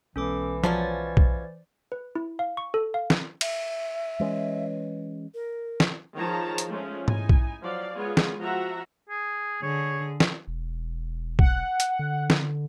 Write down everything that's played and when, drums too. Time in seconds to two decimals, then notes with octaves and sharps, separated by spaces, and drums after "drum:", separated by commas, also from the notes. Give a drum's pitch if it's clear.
0.16 B1 E3 G#3 B3 C#4 A4 D6
0.64 F3 F#3 C#4 C5 D5 A6, drum: tom F3
1.17 drum: kick B1
1.92 B4
2.15 E4
2.39 F5
2.57 C#6
2.74 A4
2.94 F5
3.10 drum: snare
3.41 E5, drum: cymbal
4.20 E3 G#3 C#4
5.34 A#4
5.80 drum: snare
6.16 D#3 F3 G#4 C#5 A5 A#5
6.58 drum: hi-hat
6.68 F3 G#3 A3 C#4
7.08 D#4 E4 G#5, drum: tom G#2
7.29 drum: kick B1
7.62 F3 F#3 D5 F5
7.96 G#3 B3 F4 G#4 C#5 G#5
8.17 drum: snare
8.41 F3 F#4 E5 F#5 A#5
9.09 G#4
9.63 D3 G#4 C#5
10.20 drum: snare
10.48 E1
11.39 F#5, drum: kick B1
11.80 drum: hi-hat
11.99 D3
12.30 drum: snare